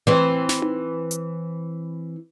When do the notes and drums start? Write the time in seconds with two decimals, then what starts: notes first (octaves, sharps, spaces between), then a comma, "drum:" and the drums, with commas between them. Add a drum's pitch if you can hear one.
0.07 E3 C4
0.49 drum: snare
0.62 drum: tom D#4
1.11 drum: hi-hat